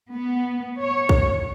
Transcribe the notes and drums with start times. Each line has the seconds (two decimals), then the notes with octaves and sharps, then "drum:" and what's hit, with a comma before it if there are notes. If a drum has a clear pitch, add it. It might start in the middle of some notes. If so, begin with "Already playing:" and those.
0.14 B3
0.78 C#5
1.09 drum: kick